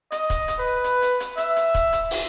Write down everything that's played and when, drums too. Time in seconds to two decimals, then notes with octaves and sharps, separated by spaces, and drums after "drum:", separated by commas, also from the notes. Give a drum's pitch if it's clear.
0.12 D#5, drum: hi-hat
0.30 drum: kick C#1, hi-hat
0.48 drum: hi-hat
0.59 B4
0.84 drum: hi-hat
1.02 drum: hi-hat
1.20 drum: hi-hat
1.38 E5, drum: hi-hat
1.56 drum: hi-hat
1.75 drum: kick C#1, hi-hat
1.93 drum: hi-hat
2.11 drum: open hi-hat